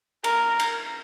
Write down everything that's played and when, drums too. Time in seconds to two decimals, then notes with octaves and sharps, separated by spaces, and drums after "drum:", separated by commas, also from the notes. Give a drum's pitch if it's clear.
0.24 A#4, drum: cymbal
0.59 drum: cymbal